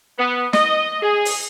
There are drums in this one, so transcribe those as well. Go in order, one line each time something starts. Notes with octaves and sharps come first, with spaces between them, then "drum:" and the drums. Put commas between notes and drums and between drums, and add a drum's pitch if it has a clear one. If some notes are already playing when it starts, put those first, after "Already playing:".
B3
D#5, drum: snare
G#4
drum: open hi-hat